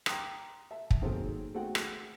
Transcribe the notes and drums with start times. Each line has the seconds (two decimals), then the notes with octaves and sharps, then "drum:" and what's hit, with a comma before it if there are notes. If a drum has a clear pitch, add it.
0.06 G5 A#5 C6 D6 D#6, drum: rim click
0.71 E5 A5
0.91 drum: kick
1.02 D#3 F#3 A#3 C4 G#4 A4
1.54 G#3 A3 C4 F#4 F#5 G5
1.75 drum: rim click